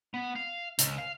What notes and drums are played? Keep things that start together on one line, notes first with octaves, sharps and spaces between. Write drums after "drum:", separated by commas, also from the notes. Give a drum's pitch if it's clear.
B3
F5
C#2, drum: hi-hat
F5